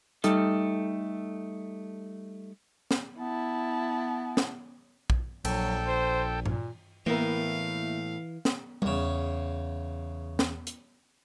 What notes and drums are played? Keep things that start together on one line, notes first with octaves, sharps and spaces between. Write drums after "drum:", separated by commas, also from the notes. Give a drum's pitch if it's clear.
G3 A3 D#4 A4, drum: hi-hat
drum: snare
B3 E4 A5
drum: snare
drum: kick A#1
A#1 F#3 A4 G5, drum: cymbal
C5
A#2, drum: tom G2
A2 E3 A#3 B3 E4 A#4 E5 F5
drum: snare
E2 C#3, drum: tom G3
drum: snare
drum: hi-hat